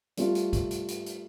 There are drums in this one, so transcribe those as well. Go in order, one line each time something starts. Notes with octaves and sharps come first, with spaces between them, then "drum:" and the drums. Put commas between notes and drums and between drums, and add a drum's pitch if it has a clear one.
G3 A3 F4, drum: hi-hat
drum: hi-hat
drum: kick, hi-hat
drum: hi-hat
drum: hi-hat
drum: hi-hat